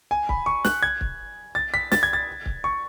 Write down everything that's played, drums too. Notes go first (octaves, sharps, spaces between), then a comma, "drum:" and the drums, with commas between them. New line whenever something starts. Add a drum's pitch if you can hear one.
G#5
B5, drum: kick C#1
C#6
F#6, drum: snare
G#6
drum: kick C#1
A6
B6
A6, drum: snare
G#6
A6
drum: kick C#1
C#6